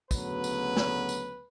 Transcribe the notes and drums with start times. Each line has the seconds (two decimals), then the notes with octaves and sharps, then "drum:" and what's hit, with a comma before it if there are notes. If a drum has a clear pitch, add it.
0.11 D2 C#3 F#3 B3 B4, drum: kick, tambourine
0.44 drum: tambourine
0.76 drum: snare
1.09 drum: tambourine